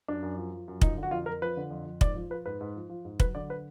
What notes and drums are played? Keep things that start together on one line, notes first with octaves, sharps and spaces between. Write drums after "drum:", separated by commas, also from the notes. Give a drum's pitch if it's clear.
F#2 D4
F#2
F3
F3
F#2
F3 D#4, drum: kick
D3
F#4
F2 F4
F2 A#4
F3 B4
D3
F2
F2
G#2 D5, drum: kick
F3
F3 B4
G#2 B4
G#2
F3
F3
G#2
F#3 B4, drum: kick
D3 D5
B4